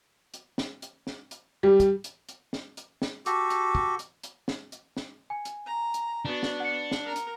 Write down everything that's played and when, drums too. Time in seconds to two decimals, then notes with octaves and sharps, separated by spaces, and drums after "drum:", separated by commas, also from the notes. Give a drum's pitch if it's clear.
0.34 drum: hi-hat
0.58 drum: snare
0.82 drum: hi-hat
1.07 drum: snare
1.31 drum: hi-hat
1.63 G3
1.80 drum: kick, hi-hat
2.04 drum: hi-hat
2.29 drum: hi-hat
2.53 drum: snare
2.77 drum: hi-hat
3.02 drum: snare
3.26 F#4 G4 A4, drum: hi-hat
3.50 drum: hi-hat
3.75 drum: kick
3.99 drum: hi-hat
4.23 drum: hi-hat
4.48 drum: snare
4.72 drum: hi-hat
4.97 drum: snare
5.30 G#5
5.45 drum: hi-hat
5.66 A#5
5.94 drum: hi-hat
6.25 B3 D4 F#4
6.43 drum: snare
6.60 F#5 C#7
6.92 drum: snare
7.04 A#4 A#5
7.16 drum: hi-hat